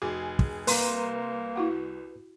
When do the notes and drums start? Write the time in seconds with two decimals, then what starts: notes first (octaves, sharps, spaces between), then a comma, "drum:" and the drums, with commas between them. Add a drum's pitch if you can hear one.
0.02 F1 F#4 G#4
0.39 drum: kick
0.67 C2 A#3 B4 A#5 C6 D#7, drum: open hi-hat
1.56 E4 F#4 F#5